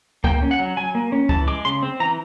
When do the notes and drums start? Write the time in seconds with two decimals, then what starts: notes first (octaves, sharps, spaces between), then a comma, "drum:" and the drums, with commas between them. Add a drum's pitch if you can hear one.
0.24 A#3 G5, drum: kick
0.42 C#4
0.51 F#5
0.59 F#3
0.77 F#3 G#5
0.95 A#3
1.12 C#4
1.29 E3 A5, drum: kick
1.47 G#3 D6
1.65 C#3 C6
1.83 C4
2.00 E3 A#5